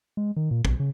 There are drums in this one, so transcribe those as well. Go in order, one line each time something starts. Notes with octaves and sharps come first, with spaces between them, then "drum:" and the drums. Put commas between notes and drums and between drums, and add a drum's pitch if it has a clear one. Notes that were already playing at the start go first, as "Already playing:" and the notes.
G#3
D#3
A#2
B1, drum: kick
C#3